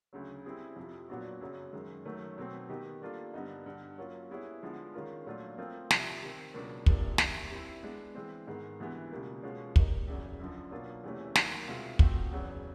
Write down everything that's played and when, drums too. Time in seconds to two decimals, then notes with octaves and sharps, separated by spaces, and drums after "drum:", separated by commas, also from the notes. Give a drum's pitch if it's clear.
0.13 D2 C#3 F#3
0.45 G3 C4 E4 G#4
0.76 F2 C3 F3
1.08 A#2 F#3 B3 D4 F#4
1.41 F#2 C#3 F#3
1.72 F#2 D#3 G#3
2.05 F#2 D#3 F#3 A3 C#4
2.38 B2 F#3 A3 C4
2.69 D#3 G3 B3 D#4 G4
3.02 G3 A#3 D4 F4 A4
3.34 G2 D3 G3 B3 D#4
3.66 G2 D3 G3
3.98 F#3 A#3 C#4 F4
4.30 G3 B3 E4 G#4 C#5
4.62 D3 F3 G#3 B3
4.94 D#3 G#3 C#4 F4 A#4
5.26 A#2 F#3 A3 D4 F4
5.58 F3 A3 C4 F4 A#4
5.91 C2 C3 F3, drum: snare
6.22 D#3 G3 C4
6.54 C#2 B2 F#3 A#3 D4
6.86 E2 C3 F3 A#3 D4, drum: kick
7.18 C2 C3 D#3, drum: snare
7.51 G3 C4 E4
7.83 G#3 B3 D4
8.15 E3 G#3 C4
8.47 G#2 D#3 G#3 B3
8.80 D2 C3 E3 G#3 B3
9.11 C#2 B2 G3 A#3
9.43 B2 G#3 C#4 F4
9.76 G3 A#3 D#4, drum: kick
10.08 E2 C#3 F#3
10.40 F#2 D3 F3
10.71 B2 F#3 A#3 D4 F4
11.04 E2 C3 E3 A3 C#4
11.35 D#2 D#3 F#3, drum: snare
11.67 C2 B2 G#3 C4 F4
11.99 F3 A3 C4 D#4 F#4, drum: kick
12.31 E2 C#3 F#3 B3